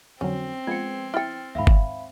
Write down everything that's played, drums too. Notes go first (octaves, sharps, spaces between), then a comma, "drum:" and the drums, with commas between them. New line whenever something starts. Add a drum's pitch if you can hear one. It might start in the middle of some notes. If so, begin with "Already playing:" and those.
F2 D3 F#3 C4 C#4
F3 G#3 B3 G#6 C#7
E4 G5 F6 A6 C#7
D#2 G#2 E5 F5 B5
drum: kick G1